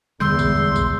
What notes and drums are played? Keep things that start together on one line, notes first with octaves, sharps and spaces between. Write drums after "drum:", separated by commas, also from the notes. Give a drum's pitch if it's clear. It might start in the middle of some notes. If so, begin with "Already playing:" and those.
E2 D3 G3 G#3 C6 E6 G6
drum: kick B1, tambourine
drum: kick B1, tambourine